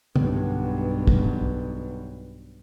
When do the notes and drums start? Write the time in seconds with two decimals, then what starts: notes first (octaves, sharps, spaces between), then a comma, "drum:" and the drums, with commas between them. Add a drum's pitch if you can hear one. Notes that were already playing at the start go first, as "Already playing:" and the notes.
0.16 B1 G2, drum: tom
1.07 drum: kick